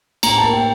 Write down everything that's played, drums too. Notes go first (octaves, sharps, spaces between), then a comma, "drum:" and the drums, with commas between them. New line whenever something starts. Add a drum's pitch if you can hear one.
A2 A#5, drum: cymbal
A#3 A5
G5